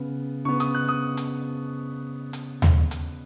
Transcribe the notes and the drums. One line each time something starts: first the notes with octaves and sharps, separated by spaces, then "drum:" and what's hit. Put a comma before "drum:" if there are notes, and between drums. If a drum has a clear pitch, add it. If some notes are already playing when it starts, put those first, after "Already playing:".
Already playing: C#3 B3
C#3 B3 C#6
D#6, drum: hi-hat
F#6
D#6
drum: hi-hat
drum: hi-hat
drum: tom D#2
drum: hi-hat